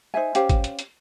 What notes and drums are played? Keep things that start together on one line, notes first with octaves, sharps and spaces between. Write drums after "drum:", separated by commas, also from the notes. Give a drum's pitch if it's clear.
D#4 C5 E5 G#5
C#4 G4 C5 F5, drum: hi-hat
drum: kick G#1, hi-hat
drum: hi-hat
drum: hi-hat